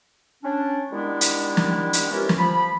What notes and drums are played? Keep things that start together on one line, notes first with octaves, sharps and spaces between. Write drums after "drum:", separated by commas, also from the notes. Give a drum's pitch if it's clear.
C#4 D4
D#3 G3 G#3 B3 D4 E4
drum: hi-hat
drum: snare
drum: hi-hat
E3 C#4 D#4 F4 G4 A#4
drum: snare
F3 B5